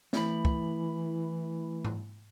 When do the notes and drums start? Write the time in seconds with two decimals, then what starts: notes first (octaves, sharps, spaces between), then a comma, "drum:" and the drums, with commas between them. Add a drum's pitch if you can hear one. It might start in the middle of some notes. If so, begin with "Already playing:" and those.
0.13 E3 A3 E4 B5, drum: snare
0.45 drum: kick
1.85 drum: tom G#2